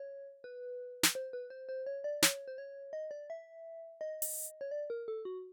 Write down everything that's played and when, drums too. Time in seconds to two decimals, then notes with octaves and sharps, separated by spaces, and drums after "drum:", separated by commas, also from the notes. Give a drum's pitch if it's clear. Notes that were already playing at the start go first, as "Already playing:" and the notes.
Already playing: C#5
0.44 B4
1.03 drum: snare
1.15 C5
1.33 B4
1.50 C5
1.69 C5
1.86 C#5
2.04 D5
2.22 C#5, drum: snare
2.48 C5
2.58 C#5
2.93 D#5
3.11 D5
3.30 E5
4.01 D#5
4.22 drum: open hi-hat
4.61 C#5
4.71 D5
4.90 A#4
5.08 A4
5.25 F#4